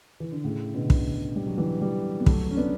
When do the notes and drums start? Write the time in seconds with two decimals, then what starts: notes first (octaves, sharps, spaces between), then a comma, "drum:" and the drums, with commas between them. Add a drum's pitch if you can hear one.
0.20 E3
0.32 D3
0.44 A2 C#3
0.74 B2 D3
0.90 drum: kick
1.36 G3
1.47 F#3
1.58 E3 G3
1.81 E3 G3
2.20 B3
2.26 F#3 A3, drum: kick
2.51 C#4
2.57 B3 D4